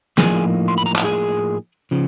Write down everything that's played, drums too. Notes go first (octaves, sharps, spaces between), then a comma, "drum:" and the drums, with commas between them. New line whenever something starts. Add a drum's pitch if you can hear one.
A2 F3 A#3 D#4 G#4 G#5, drum: snare
C6
B5
A#5
A5, drum: clap
G#4 G#5
C#3 F3